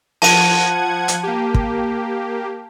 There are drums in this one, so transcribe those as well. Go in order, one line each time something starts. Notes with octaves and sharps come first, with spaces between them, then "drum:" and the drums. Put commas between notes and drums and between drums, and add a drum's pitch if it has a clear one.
F3 F#5 A5 G#6 D#7, drum: open hi-hat
drum: hi-hat
A#3 G4
drum: kick